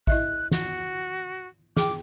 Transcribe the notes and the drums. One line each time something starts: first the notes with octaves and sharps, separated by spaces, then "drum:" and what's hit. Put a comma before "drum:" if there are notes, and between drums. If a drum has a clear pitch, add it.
E4 D#5 E5 F#6, drum: kick A1
F#4, drum: snare
G#4 G5 D6, drum: snare